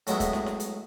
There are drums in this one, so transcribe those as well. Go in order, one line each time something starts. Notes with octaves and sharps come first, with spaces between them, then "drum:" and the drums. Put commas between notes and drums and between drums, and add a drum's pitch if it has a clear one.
A2 F#3 G#3 B3 E4, drum: hi-hat
drum: kick, hi-hat
drum: snare
drum: snare
drum: hi-hat